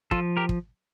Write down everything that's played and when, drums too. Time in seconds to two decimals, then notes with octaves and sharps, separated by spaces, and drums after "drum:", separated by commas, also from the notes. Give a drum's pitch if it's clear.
0.11 F3 F4 A4, drum: kick
0.37 G4 A#4
0.49 drum: kick